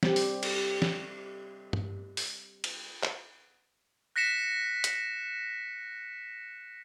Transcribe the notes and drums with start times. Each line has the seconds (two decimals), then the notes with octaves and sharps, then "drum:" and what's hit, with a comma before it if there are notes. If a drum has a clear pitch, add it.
0.03 G3 C4 G4, drum: snare
0.16 drum: open hi-hat
0.43 drum: cymbal
0.82 drum: snare
1.73 drum: tom G2
2.17 drum: open hi-hat
2.64 drum: cymbal
3.03 drum: clap
4.16 F#6 A#6 B6 C#7 E7
4.84 drum: hi-hat